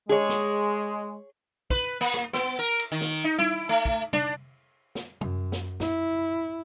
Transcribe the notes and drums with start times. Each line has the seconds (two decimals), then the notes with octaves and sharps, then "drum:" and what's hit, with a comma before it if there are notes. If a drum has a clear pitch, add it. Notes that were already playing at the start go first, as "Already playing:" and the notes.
0.09 G#3 G#4 C#5
0.29 drum: snare
1.70 B4, drum: kick
2.01 A#3
2.14 drum: rim click
2.33 B3, drum: snare
2.59 A#4
2.80 drum: cymbal
2.92 D#3
3.01 drum: snare
3.24 D#4
3.38 E4, drum: tom
3.69 A3
3.85 drum: kick
4.13 D4, drum: tom
4.95 drum: snare
5.21 F#2, drum: tom
5.52 drum: snare
5.80 E4, drum: snare